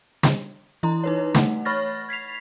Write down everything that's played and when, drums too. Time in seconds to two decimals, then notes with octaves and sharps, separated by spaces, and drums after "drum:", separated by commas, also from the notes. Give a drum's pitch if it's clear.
0.23 drum: snare
0.83 E3 E4 A#5 C6
1.04 D#4 B4 C#5
1.34 A3 F#5, drum: snare
1.65 C#5 B5 C#6 F6 A6 A#6
2.09 G#6 B6 C7 F7